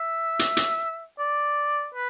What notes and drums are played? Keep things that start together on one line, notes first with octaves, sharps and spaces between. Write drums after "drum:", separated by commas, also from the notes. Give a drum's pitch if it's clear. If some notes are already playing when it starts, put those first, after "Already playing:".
Already playing: E5
drum: hi-hat
drum: hi-hat
D5
B4